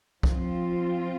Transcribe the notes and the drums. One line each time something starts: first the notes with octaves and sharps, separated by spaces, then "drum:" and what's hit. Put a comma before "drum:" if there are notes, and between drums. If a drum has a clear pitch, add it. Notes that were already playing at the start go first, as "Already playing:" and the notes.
F3 C4 F4, drum: kick